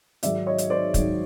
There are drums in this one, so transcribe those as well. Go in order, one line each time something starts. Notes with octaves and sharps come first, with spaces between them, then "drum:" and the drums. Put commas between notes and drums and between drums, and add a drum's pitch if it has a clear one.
G#2 D#3 F#3 D5 E5, drum: hi-hat
C#5 D#5
drum: hi-hat
C5 D5
G#2 D#3 F#3, drum: kick, hi-hat